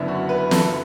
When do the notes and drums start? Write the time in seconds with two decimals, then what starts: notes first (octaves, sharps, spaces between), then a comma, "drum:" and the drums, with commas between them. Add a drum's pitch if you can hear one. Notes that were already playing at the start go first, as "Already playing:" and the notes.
Already playing: F#1 F#2 D3 B3 D4 E4
0.08 F#4
0.29 B4
0.51 A4, drum: snare